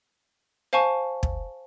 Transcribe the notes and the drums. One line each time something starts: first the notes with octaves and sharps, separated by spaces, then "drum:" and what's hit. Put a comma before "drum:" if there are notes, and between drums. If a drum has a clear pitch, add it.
C5 F5 G#5 A5 C#6
drum: kick